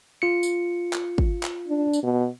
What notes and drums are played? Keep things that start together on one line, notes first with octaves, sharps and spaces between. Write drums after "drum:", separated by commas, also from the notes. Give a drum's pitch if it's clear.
F4 C#7
drum: tambourine
drum: clap
drum: kick
drum: clap
D4
drum: tambourine
B2